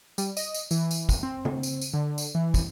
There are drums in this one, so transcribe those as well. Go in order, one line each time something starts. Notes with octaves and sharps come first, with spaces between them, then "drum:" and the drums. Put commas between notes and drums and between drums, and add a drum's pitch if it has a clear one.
G3, drum: tambourine
D#5, drum: tambourine
drum: tambourine
E3, drum: tambourine
drum: tambourine
drum: kick, tambourine
C4
drum: tom C#3
drum: tambourine
drum: tambourine
D3
drum: tambourine
E3
drum: kick, tambourine